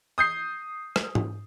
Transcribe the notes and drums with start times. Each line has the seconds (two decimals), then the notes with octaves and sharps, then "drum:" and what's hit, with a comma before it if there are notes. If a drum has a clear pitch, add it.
0.18 D#6 G6 C7
0.96 drum: rim click
1.15 drum: tom G#2